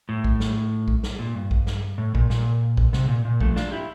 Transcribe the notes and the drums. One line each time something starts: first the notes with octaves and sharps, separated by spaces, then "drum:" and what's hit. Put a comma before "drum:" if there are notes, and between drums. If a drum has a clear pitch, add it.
A2
drum: kick A#1
drum: snare
drum: kick A#1
drum: snare
A#2
G2
drum: kick A#1
drum: snare
A2
A#2, drum: kick A#1
A#2, drum: snare
drum: kick A#1
C3, drum: snare
A#2
A#2
F3 A3, drum: kick A#1
D4 F4, drum: snare
E4 G4